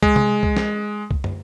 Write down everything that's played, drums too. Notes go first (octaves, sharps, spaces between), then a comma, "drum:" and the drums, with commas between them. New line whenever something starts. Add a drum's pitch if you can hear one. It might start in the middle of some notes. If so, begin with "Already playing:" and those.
G#3, drum: kick C2
drum: tom C3
drum: kick C2
drum: snare
drum: kick C2
drum: tom